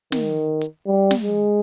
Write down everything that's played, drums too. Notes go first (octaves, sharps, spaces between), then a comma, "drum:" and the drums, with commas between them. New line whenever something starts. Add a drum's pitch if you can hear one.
D#3, drum: snare
drum: hi-hat
G3
drum: snare
G#3